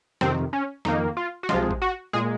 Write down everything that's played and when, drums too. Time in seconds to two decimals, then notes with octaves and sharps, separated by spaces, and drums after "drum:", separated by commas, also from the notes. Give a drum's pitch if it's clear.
0.21 F2 C3 D#3 C4, drum: snare
0.53 C#4
0.85 F2 D#3 A#3 D#4, drum: snare
1.17 F4
1.43 F#4
1.49 C2 C3 F3 G#3 F4, drum: snare
1.71 drum: kick G#1
1.82 F#4
2.13 A#2 G#3 G#4